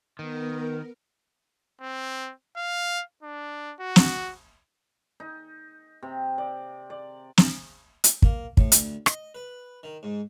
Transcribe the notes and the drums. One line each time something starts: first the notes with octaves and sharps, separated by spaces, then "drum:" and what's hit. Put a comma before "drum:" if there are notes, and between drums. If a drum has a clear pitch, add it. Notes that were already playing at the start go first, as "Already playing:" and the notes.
D#3 B3 A#4
C4
F5
D4
F#4
drum: snare
D#4
C3
D5
D5
drum: snare
drum: hi-hat
A#3, drum: kick
A2, drum: kick
D2, drum: hi-hat
D#5, drum: rim click
B4
D#3
G#2